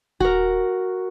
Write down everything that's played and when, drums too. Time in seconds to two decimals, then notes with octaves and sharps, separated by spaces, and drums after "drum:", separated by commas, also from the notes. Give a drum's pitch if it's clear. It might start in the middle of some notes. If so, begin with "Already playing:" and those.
0.20 F#4 A#4, drum: kick D#1